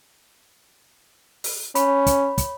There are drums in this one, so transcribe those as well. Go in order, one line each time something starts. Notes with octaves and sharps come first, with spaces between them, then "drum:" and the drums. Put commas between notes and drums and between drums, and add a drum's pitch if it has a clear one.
drum: open hi-hat
C#4 C#5 B5, drum: hi-hat
drum: kick, hi-hat
drum: kick, hi-hat